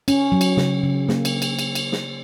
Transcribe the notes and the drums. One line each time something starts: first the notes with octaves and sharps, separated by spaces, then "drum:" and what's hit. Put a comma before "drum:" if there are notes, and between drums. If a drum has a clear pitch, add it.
C#4, drum: cymbal
F#3
drum: cymbal
C#3, drum: snare
C#3
A#3, drum: snare
drum: cymbal
drum: cymbal
drum: cymbal
drum: cymbal
drum: snare